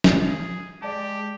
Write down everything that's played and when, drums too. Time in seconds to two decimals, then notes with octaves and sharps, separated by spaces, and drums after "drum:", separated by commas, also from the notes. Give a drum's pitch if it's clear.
0.04 drum: snare
0.21 G#4
0.82 G#3 G4 D5 A5